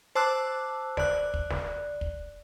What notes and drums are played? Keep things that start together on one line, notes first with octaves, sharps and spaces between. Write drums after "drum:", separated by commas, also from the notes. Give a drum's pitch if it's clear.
C5 A5 D6 E6 F#6
D5 F#6, drum: snare
drum: kick
drum: snare
drum: kick